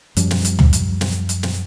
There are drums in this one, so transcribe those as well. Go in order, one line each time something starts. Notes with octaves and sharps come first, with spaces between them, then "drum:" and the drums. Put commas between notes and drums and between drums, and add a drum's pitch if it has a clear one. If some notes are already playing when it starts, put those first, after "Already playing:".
F#2 F3 G3, drum: hi-hat
drum: snare
drum: hi-hat
drum: tom
drum: hi-hat
drum: snare
drum: hi-hat
drum: snare